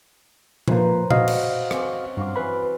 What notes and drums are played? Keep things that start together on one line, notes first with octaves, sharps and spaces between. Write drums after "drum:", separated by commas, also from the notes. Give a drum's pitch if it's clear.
F3 A#3 B4 C5 A#5, drum: tom A#2
F#4 D#5 F5, drum: tom A#2
drum: cymbal
C4 C#4, drum: rim click
G2 F#3 F4 D6
E3 B4 B5 C6 D6